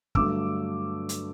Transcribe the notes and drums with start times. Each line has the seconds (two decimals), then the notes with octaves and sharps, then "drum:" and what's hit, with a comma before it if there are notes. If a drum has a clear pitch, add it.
0.15 G2 D3 F#3 A3 D6 E6, drum: kick
1.09 drum: hi-hat